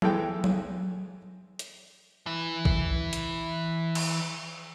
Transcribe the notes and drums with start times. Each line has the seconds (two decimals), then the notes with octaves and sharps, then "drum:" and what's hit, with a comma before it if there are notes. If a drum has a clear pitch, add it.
0.02 E3 G#3 A4 G5, drum: tom F#3
0.44 drum: tom F#3
1.59 drum: hi-hat
2.26 E3 E4
2.65 drum: kick
3.13 drum: hi-hat
3.95 drum: cymbal